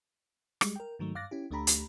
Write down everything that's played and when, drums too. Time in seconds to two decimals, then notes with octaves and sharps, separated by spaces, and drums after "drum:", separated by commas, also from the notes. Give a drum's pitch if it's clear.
0.61 G3 G#3, drum: rim click
0.76 A#4 G5
0.99 G#2 D#3 F#3 A3
1.15 G2 F5 D6 F#6 A6 A#6
1.31 C#4 E4 G4
1.51 D2 A3 D4 G4 A#5 B5
1.67 drum: hi-hat